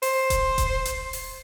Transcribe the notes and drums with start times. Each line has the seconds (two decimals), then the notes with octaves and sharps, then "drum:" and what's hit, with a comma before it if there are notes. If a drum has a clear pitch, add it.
0.03 C5, drum: open hi-hat
0.30 drum: kick D#1, hi-hat
0.58 drum: kick D#1, hi-hat
0.85 drum: hi-hat
1.13 drum: open hi-hat